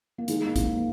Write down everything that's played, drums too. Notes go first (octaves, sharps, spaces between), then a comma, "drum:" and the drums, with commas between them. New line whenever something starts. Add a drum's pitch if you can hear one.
A#3
D#3 G#3, drum: hi-hat
A#3
G#3 C4, drum: kick B1, hi-hat
A#3